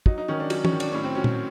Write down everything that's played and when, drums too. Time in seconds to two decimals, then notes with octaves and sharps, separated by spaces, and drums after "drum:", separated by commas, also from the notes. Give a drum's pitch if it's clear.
0.06 F#3 D#4, drum: kick
0.18 D#4
0.28 D#3 C#4
0.40 D4
0.50 F#3 C#4, drum: cymbal
0.65 C#4, drum: tom
0.73 D#3
0.80 D4, drum: cymbal
0.92 A2 C#4
1.04 C4
1.15 F#3 C#4
1.24 drum: tom A#2